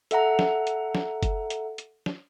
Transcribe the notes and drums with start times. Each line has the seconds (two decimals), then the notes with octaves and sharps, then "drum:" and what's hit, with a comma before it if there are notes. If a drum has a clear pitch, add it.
0.11 A4 E5 F#5 A#5, drum: hi-hat
0.39 drum: snare
0.67 drum: hi-hat
0.95 drum: snare
1.23 drum: kick F#1, hi-hat
1.50 drum: hi-hat
1.78 drum: hi-hat
2.06 drum: snare